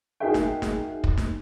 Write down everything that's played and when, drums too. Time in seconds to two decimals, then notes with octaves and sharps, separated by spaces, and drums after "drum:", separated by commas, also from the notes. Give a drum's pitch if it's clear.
0.20 D#4 F#4 G#4 A#4 E5 G5
0.34 drum: snare
0.62 drum: snare
1.04 drum: kick
1.17 drum: snare